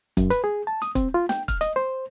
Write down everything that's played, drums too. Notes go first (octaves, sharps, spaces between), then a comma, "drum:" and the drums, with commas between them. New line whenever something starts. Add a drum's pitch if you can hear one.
F#2, drum: kick, hi-hat
B4, drum: hi-hat
G#4
A5
D#6, drum: hi-hat
C4, drum: kick, hi-hat
F4
G5, drum: snare
F6, drum: kick, hi-hat
D#5, drum: hi-hat
C5